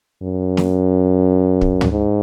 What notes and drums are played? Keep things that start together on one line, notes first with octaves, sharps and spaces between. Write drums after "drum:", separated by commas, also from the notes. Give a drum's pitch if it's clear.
F#2
drum: snare
drum: kick
drum: tom
G#2